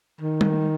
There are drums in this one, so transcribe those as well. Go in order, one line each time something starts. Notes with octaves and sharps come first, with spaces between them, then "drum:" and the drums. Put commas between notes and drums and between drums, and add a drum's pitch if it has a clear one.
D#3
drum: tom G3